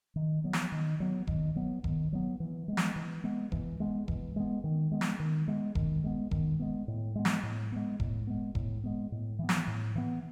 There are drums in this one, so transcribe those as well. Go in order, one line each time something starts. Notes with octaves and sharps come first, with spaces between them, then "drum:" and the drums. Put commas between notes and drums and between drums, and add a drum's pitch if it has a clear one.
D#3
F#3 B3
drum: snare
D#3
F#3 B3
D#3, drum: kick E1
F#3 B3
D#3, drum: kick E1
F#3 B3
E3
G#3 B3
drum: snare
E3
G#3 B3
E3, drum: kick E1
G#3 B3
E3, drum: kick E1
G#3 B3
D#3
G#3 B3
drum: snare
D#3
G#3 B3
D#3, drum: kick E1
G#3 B3
D#3, drum: kick E1
G#3 B3
A2
G#3 B3
drum: snare
A2
G#3 B3
A2, drum: kick E1
G#3 B3
A2, drum: kick E1
G#3 B3
A2
E3 B3
drum: snare
A2
E3 B3